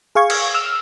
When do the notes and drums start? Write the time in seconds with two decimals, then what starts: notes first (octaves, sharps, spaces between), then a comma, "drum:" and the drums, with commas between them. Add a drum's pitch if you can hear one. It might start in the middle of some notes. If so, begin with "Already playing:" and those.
0.15 G#4 F5 C#6 G#6
0.30 drum: cymbal
0.54 E6 F6